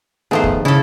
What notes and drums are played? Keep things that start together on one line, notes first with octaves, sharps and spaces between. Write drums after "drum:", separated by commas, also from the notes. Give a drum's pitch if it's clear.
D#3 F3 A3 B3 G#4 C5
drum: kick
C#3 E4 A4